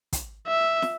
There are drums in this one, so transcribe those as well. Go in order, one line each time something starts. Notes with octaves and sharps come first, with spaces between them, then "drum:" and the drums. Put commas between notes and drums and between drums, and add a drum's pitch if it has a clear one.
drum: kick, hi-hat
E5
drum: snare